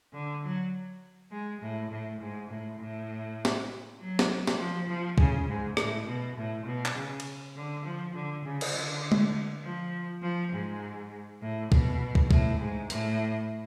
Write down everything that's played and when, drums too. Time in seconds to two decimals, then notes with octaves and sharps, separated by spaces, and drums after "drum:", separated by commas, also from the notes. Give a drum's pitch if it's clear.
0.13 D3
0.43 F#3
1.31 G#3
1.61 A2
1.91 A2
2.20 G#2
2.50 A2
2.79 A2
3.45 drum: snare
3.99 F#3
4.19 drum: snare
4.47 drum: snare
4.58 F3
4.88 F3
5.18 C#3, drum: kick
5.48 G#2
5.77 A2, drum: rim click
6.07 B2
6.37 A2
6.66 B2
6.85 drum: clap
6.95 C#3
7.20 drum: cymbal
7.56 D3
7.84 F3
8.14 D3
8.44 C#3
8.61 drum: cymbal
8.74 D3
9.12 drum: tom G#3
9.64 F3
10.22 F3
10.52 G#2
11.41 A2
11.72 B2, drum: kick
12.15 drum: kick
12.31 A2, drum: kick
12.60 G#2
12.90 A2, drum: hi-hat